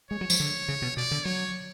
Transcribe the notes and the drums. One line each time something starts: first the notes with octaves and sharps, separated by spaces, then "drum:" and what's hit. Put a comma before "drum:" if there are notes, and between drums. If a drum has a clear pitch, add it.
G#3 C#5
F#3
F3, drum: tambourine
D3
C#3
B2
B2 D5
D3
F#3 C#5